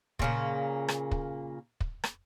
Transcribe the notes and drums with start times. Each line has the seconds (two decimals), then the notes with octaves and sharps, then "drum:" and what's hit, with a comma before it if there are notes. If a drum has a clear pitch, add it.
0.19 A#2 C#3 A#3, drum: kick
0.88 drum: rim click
1.11 drum: kick
1.80 drum: kick
2.04 drum: rim click